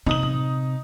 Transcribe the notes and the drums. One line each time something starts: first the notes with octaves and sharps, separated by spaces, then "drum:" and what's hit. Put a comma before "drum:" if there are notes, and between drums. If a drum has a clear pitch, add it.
C3 D#4 D#6 F#7, drum: tom
drum: tom A2